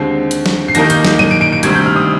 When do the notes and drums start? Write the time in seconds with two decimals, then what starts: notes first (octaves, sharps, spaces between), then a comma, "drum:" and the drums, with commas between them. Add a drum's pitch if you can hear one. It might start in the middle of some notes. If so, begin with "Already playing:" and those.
Already playing: D#2 D3 G#3 C4 C7
0.31 drum: hi-hat
0.46 drum: snare
0.68 C7
0.75 D#2 D#3 A#3 D#4 A#6, drum: hi-hat
0.90 G6, drum: hi-hat
1.05 drum: snare
1.19 D#7, drum: tom F#3
1.31 D7
1.41 D7
1.52 D7
1.63 D2 C3 D#3 G3 G#6, drum: hi-hat
1.75 G6
1.86 F6
1.96 D#6